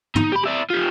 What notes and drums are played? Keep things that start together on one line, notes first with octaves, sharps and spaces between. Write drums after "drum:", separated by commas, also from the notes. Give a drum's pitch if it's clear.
D#4, drum: tom
G4 B5
E4 D5
F4 G4